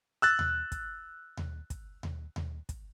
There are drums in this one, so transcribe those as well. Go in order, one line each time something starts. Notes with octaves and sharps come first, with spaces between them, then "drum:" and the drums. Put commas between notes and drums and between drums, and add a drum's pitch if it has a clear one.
E6 F#6 A6
drum: tom D#2
drum: kick, hi-hat
drum: tom D#2
drum: kick, hi-hat
drum: tom D#2
drum: tom D#2
drum: kick, hi-hat